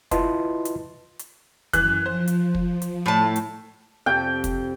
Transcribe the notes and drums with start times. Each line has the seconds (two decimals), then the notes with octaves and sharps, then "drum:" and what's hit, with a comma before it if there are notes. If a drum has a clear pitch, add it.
0.11 E4 F4 B4 D#5 A5 C6, drum: kick, hi-hat
0.65 drum: hi-hat
1.19 drum: hi-hat
1.73 F#2 E3 F#6, drum: kick, hi-hat
2.06 F3 C5
2.28 drum: hi-hat
2.55 drum: kick
2.82 drum: hi-hat
3.06 A2 A3 A5
3.36 drum: hi-hat
4.06 F2 C3 G5
4.44 drum: kick, hi-hat